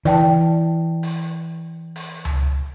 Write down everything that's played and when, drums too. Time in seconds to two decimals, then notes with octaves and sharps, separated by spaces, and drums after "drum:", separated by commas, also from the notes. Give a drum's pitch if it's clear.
0.05 E3 D5 G5 A5, drum: snare
1.03 drum: open hi-hat
1.96 drum: open hi-hat
2.25 drum: tom C#2